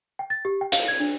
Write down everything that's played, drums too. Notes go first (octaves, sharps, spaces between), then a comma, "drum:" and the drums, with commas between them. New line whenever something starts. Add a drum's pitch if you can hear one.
G5
A6
G4
G5
F5, drum: hi-hat
G#6
D4